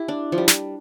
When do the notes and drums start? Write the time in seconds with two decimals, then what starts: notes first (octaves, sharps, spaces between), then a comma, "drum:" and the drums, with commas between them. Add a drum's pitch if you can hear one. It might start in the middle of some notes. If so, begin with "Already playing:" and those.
Already playing: E4 G4
0.08 D4
0.32 F3
0.38 G3
0.48 drum: snare